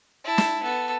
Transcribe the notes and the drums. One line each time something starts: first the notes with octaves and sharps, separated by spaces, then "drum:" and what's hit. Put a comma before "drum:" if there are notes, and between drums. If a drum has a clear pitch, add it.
E4 A5
drum: snare
B3 A4